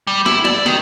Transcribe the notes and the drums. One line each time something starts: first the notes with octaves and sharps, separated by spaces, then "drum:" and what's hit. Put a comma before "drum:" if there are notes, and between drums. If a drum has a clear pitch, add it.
G3
E4, drum: snare
D5, drum: snare
D#3, drum: snare